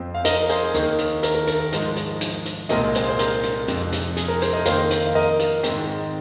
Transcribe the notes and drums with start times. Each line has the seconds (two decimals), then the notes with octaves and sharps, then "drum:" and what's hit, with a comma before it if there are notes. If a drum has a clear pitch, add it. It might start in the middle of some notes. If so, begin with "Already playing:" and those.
Already playing: F2 F3 C4 C5
0.14 F5
0.25 A#4 D#5, drum: hi-hat
0.43 A#4
0.49 G#4 C5, drum: hi-hat
0.74 D#2 D#3 A#3, drum: hi-hat
0.98 drum: hi-hat
1.23 A#4, drum: hi-hat
1.35 A#4
1.47 A#4, drum: hi-hat
1.60 A#4
1.72 G#2 F3 G#3, drum: hi-hat
1.96 drum: hi-hat
2.21 drum: hi-hat
2.45 drum: hi-hat
2.69 C2 A#2 G#3 C4 A#4 D#5, drum: hi-hat
2.95 G#4 C5, drum: hi-hat
3.08 C5
3.19 A#4, drum: hi-hat
3.43 drum: hi-hat
3.68 F2 C3 G#3, drum: hi-hat
3.92 drum: hi-hat
4.17 G#4, drum: hi-hat
4.28 A#4
4.42 G#4 C5, drum: hi-hat
4.53 A#4 D#5
4.65 F2 D#3 A#3 C5 F5, drum: hi-hat
4.90 drum: hi-hat
5.07 F5
5.15 A#4 D#5
5.39 drum: hi-hat
5.63 G#2 D#3 G#3 C4, drum: hi-hat